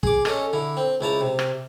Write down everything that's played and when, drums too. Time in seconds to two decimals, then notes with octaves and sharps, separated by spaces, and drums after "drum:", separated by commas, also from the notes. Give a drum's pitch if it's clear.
0.03 G#4 D6, drum: kick
0.25 C#4 A4 D#5, drum: rim click
0.53 D3 E4
0.77 C4
1.01 C#2 E4 A5 A#5
1.21 C3
1.39 drum: rim click